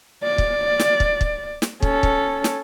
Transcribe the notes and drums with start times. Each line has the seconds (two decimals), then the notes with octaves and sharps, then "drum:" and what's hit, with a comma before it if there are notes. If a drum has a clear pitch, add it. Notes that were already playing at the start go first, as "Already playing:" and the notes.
0.23 D5
0.38 drum: kick
0.80 drum: snare
1.00 drum: kick
1.21 drum: kick
1.62 drum: snare
1.82 C#4 A4, drum: kick
2.03 drum: kick
2.44 drum: snare